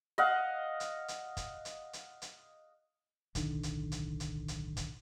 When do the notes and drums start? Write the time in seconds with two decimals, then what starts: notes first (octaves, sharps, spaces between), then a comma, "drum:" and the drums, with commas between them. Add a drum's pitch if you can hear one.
0.18 D#5 F5 F#5
0.80 drum: hi-hat
1.08 drum: hi-hat
1.37 drum: kick, hi-hat
1.65 drum: hi-hat
1.93 drum: hi-hat
2.22 drum: hi-hat
3.35 D1 B1 D3 D#3, drum: kick, hi-hat
3.63 drum: hi-hat
3.92 drum: hi-hat
4.20 drum: hi-hat
4.48 drum: hi-hat
4.77 drum: kick, hi-hat